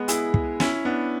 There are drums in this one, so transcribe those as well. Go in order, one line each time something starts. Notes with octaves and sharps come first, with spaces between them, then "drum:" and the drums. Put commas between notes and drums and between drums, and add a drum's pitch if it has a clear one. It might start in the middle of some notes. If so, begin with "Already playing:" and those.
Already playing: G#3 B3
E4 G#4, drum: hi-hat
drum: kick
C#4 E4, drum: snare
B3 D4